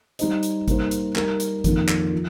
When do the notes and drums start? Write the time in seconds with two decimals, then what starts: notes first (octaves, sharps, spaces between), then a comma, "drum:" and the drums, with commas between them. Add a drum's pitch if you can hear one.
0.19 G3 D#4 C5 D#5, drum: hi-hat
0.43 drum: hi-hat
0.68 G3 A#3 D#4 C5, drum: kick G#1, hi-hat
0.91 drum: hi-hat
1.16 G3 D#4 A#4, drum: clap
1.40 drum: hi-hat
1.64 F2 D#3 A#3, drum: kick G#1, hi-hat
1.88 drum: clap
2.13 F3